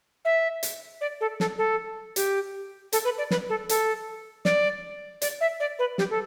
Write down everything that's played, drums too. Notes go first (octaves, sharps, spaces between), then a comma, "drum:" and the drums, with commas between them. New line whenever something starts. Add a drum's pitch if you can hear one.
E5
drum: hi-hat
D5
A4
A4, drum: snare
A4
G4, drum: hi-hat
A4, drum: hi-hat
B4
D5
B4, drum: snare
A4
A4, drum: hi-hat
D5, drum: snare
D5, drum: hi-hat
E5
D5
B4
G4, drum: snare
A4